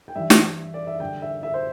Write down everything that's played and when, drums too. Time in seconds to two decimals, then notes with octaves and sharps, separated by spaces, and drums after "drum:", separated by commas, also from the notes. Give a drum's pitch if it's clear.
0.08 G5
0.15 G2 E3 E5
0.30 drum: snare
0.74 D5
0.87 E5
1.00 G2 D3 G5
1.22 E5
1.43 E5
1.54 C5